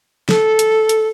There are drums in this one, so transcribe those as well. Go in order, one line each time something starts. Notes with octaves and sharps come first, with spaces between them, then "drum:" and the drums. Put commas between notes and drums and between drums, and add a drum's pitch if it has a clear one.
A4, drum: snare
drum: hi-hat
drum: hi-hat